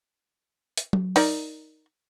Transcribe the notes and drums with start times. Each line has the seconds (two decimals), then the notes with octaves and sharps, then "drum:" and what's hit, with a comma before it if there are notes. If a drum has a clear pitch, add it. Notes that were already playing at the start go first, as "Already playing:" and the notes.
0.77 drum: hi-hat
0.93 drum: tom F#3
1.16 D#4 A#4 D5, drum: open hi-hat